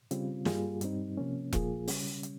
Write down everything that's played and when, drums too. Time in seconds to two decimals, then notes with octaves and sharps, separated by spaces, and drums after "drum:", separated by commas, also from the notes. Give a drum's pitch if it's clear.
0.11 C#3 G3 C4 F4, drum: hi-hat
0.45 G2 G3 A#3 F4 G#4, drum: snare
0.81 G2 G3 C4 D#4, drum: hi-hat
1.17 C3 F3 A#3 C#4
1.53 A#2 F3 A#3 F4 G#4, drum: kick E1, hi-hat
1.88 C#3 G3 C#4, drum: open hi-hat
2.23 drum: hi-hat